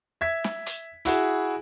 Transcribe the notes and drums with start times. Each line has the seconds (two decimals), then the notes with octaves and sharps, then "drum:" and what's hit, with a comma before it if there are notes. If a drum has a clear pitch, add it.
0.21 E5 G#6 B6
0.44 drum: snare
0.66 drum: hi-hat
1.05 E4 F#4 G#4, drum: hi-hat